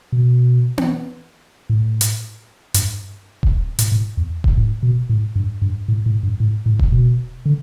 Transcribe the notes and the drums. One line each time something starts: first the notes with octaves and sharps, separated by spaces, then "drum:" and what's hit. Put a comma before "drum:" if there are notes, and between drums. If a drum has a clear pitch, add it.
B2
drum: tom B3
A2
drum: hi-hat
G2, drum: hi-hat
drum: kick D#1
A2, drum: hi-hat
A2
E2
drum: kick D#1
A2
B2
A2
G2
G2
A2
A2
G2
A2
A2
drum: kick D#1
B2
D3